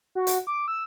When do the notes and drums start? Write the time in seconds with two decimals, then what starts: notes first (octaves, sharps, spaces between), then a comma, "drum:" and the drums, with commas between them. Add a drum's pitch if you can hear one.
0.15 F#4
0.27 drum: hi-hat
0.47 D6
0.68 E6